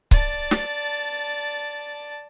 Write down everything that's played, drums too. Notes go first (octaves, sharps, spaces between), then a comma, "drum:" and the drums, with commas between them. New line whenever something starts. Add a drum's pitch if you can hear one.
D5 A5, drum: kick C#1
drum: snare